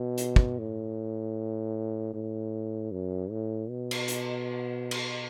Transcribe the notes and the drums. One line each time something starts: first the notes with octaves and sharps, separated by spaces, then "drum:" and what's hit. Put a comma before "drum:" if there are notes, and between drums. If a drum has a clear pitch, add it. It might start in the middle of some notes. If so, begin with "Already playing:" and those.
Already playing: B2
drum: hi-hat
drum: kick
A2
A2
F#2
A2
B2
drum: cymbal
drum: hi-hat
drum: cymbal